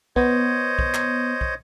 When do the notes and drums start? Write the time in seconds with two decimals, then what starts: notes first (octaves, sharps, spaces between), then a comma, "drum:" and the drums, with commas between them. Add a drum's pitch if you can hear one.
0.16 B3 C5 C#5 D#5, drum: kick
0.79 drum: kick
0.94 drum: clap
1.41 drum: kick